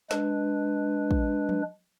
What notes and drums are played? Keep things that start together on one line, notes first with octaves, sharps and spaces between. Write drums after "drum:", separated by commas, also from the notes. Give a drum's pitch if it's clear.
G#3 D4 B4, drum: snare
drum: kick
drum: tom F3